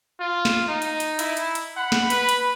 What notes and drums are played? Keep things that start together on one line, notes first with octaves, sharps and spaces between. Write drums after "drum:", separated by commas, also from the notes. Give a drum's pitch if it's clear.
F4
drum: snare
D#4
drum: hi-hat
drum: hi-hat
E4, drum: hi-hat
drum: hi-hat
drum: hi-hat
F#5 B5
drum: snare
B4, drum: hi-hat
drum: hi-hat